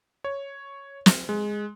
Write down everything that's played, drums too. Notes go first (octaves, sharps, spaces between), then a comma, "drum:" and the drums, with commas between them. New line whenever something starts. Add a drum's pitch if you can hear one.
C#5
drum: snare
G#3